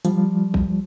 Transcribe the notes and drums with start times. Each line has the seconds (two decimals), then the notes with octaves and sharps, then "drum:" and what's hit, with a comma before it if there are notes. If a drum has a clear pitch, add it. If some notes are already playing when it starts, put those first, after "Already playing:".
0.05 F3 G3, drum: hi-hat
0.54 drum: kick A1